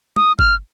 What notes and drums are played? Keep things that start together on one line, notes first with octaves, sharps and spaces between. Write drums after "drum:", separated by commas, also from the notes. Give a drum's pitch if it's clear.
D#6, drum: tom
F6, drum: kick G1